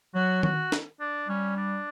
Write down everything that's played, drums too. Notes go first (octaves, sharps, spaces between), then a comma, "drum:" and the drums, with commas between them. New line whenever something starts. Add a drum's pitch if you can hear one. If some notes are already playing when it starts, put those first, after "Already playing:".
F#3 F#4
F#4, drum: tom D#3
drum: snare
D4
G3 C#4
D4